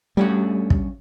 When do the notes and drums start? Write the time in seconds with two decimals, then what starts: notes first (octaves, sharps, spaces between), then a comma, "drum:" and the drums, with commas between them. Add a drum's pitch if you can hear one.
0.17 G2 G3 A3 C#4 F#4
0.70 drum: kick